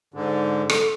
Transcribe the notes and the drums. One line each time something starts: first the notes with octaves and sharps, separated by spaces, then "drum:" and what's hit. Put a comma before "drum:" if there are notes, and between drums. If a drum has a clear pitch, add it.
G#2 D3
A4, drum: rim click